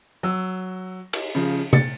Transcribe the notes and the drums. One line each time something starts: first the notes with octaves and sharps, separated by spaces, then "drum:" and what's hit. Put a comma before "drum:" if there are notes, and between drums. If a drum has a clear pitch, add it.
F#3 E6
drum: cymbal
C#3 F3
A6 C#7, drum: tom C3